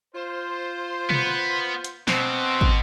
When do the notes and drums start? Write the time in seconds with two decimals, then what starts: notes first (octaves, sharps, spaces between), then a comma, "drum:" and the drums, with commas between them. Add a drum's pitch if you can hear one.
0.14 F4 C5
1.10 B3, drum: tom B2
1.84 drum: hi-hat
2.08 B2 C4, drum: snare
2.61 drum: kick